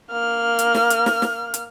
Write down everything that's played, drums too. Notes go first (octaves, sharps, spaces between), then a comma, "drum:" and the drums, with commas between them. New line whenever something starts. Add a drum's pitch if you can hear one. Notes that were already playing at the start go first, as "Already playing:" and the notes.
A#3 F6
drum: hi-hat
drum: snare
drum: hi-hat
drum: snare
drum: snare
drum: hi-hat